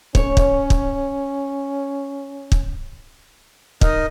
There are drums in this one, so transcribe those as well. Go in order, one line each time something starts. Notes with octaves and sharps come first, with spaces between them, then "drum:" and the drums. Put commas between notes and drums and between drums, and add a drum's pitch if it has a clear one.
C#4 C#5, drum: kick
drum: kick
drum: kick
drum: kick
D#4 A#4 D#5, drum: kick